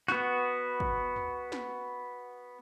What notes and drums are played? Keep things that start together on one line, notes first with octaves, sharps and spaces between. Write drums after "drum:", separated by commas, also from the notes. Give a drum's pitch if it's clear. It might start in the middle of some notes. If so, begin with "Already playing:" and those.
B3 F#4, drum: snare
drum: kick
drum: tom
drum: snare